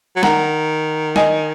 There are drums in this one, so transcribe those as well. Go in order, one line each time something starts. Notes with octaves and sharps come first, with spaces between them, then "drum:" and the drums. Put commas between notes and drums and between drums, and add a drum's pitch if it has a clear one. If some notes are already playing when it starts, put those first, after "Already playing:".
F#3
D#3 F#5 A#5, drum: snare
D#5 G#5, drum: snare